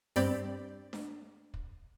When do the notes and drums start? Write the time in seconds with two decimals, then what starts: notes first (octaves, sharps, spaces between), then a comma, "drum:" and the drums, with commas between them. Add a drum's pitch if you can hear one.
0.16 G2 C4 D5 B5 G6, drum: open hi-hat
0.93 drum: snare D4
1.54 drum: kick